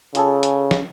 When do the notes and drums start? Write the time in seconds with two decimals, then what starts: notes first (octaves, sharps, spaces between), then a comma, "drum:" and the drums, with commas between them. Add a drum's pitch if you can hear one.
0.15 C#3 F4 G#4 A4, drum: hi-hat
0.43 drum: hi-hat
0.71 drum: snare